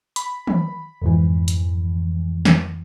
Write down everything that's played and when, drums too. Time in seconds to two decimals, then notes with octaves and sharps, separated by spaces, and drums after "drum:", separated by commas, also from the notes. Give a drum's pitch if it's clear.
0.16 B5, drum: hi-hat
0.47 drum: tom
1.02 F2 G#2 E3
1.48 drum: hi-hat
2.45 drum: snare D#3